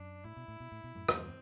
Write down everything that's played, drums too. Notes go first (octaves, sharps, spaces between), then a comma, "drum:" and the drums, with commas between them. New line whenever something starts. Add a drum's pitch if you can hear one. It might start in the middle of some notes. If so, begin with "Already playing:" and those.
Already playing: F#2 D4
A2 E4
B2
A2
B2
A2
B2
F#2 A2
E2 G2 C4, drum: rim click